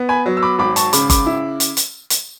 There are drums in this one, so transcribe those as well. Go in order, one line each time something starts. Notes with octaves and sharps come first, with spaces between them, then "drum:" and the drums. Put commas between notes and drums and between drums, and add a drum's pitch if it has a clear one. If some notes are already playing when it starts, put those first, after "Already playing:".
Already playing: B3
G#5 B5
F#3
E6
B5 D6
G#1 B5 D6
A5 C#6, drum: hi-hat
C#3 B5 D6, drum: hi-hat
B5 D6, drum: kick G1, hi-hat
E4
drum: hi-hat
drum: hi-hat
drum: hi-hat